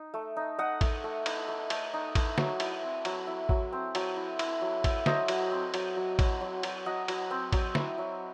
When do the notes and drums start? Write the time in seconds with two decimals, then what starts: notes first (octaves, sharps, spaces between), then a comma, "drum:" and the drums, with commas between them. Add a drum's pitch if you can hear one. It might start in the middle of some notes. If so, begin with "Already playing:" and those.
Already playing: D#4
0.14 A3
0.36 D#4
0.59 D#4 D#5 F#5
0.81 A3, drum: kick A1, cymbal
1.04 A3
1.26 D#4, drum: cymbal
1.48 A3
1.70 A3, drum: cymbal
1.94 D#4
2.15 A3, drum: kick A1, cymbal
2.38 F#3, drum: snare
2.60 E4, drum: cymbal
2.83 C4
3.05 F#3, drum: cymbal
3.27 E4
3.49 F#3, drum: kick A1
3.72 C4
3.95 F#3, drum: cymbal
4.17 E4
4.39 E4, drum: cymbal
4.62 F#3
4.84 E4, drum: kick A1, cymbal
5.06 F#3 C5 D#5, drum: snare
5.28 F#3, drum: cymbal
5.52 C4
5.74 F#3, drum: cymbal
5.96 F#3
6.19 F#3, drum: kick A1, cymbal
6.41 F#3
6.63 F#3, drum: cymbal
6.86 F#3 D#5 F#5
7.08 F#3, drum: cymbal
7.31 C4
7.53 F#3, drum: kick A1, cymbal
7.75 E4, drum: snare
7.98 F#3